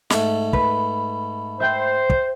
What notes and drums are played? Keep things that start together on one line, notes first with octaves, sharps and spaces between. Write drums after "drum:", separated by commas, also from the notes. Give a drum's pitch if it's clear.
G#2 A3, drum: snare
B4 B5, drum: kick
C5 E5 G5 G6
drum: kick